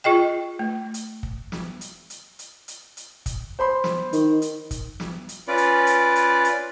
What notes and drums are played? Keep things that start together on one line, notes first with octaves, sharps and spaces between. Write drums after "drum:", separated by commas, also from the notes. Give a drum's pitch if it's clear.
F4 G#4 D#5 G5
A3
drum: hi-hat
drum: kick
drum: snare
drum: hi-hat
drum: hi-hat
drum: hi-hat
drum: hi-hat
drum: hi-hat
drum: kick, hi-hat
C5 B5 C6
drum: snare
D#3, drum: hi-hat
drum: hi-hat
drum: kick, hi-hat
drum: snare
drum: hi-hat
C#4 F4 B4 D5
drum: hi-hat
drum: hi-hat
drum: hi-hat
drum: hi-hat